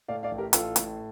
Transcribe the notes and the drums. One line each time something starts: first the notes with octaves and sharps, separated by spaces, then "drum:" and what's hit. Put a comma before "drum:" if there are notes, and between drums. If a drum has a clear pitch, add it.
A2 D5 F5
D5 F5
A1
G4 A#4
A1 F4 A4, drum: hi-hat
A2, drum: hi-hat